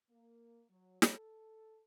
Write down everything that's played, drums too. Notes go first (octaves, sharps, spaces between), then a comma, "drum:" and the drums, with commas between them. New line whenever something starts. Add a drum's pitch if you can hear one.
A#3
F#3
A4, drum: snare